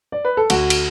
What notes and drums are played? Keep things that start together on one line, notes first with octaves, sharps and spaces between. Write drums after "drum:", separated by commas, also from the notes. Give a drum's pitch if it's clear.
D5
B4
A4
D2 F#4, drum: cymbal
drum: cymbal